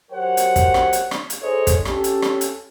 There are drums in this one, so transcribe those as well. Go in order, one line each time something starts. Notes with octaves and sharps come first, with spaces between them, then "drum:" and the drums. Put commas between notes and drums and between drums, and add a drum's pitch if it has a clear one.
F#3 G4 A#4 C5 C#5 F#5
drum: hi-hat
drum: kick, hi-hat
drum: rim click
drum: hi-hat
drum: rim click
drum: hi-hat
D#4 G#4 A4 C5 C#5 D#5
drum: kick, hi-hat
C#4 G4 A4, drum: rim click
drum: hi-hat
drum: rim click
drum: hi-hat